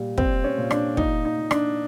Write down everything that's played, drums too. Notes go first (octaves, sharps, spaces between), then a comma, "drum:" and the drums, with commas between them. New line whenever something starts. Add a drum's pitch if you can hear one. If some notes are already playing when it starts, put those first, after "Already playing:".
Already playing: A#2 G3
A#2 C4, drum: kick
C#4
A#2
D4, drum: rim click
A#2 D#4, drum: kick
D#4
A#2
D4, drum: rim click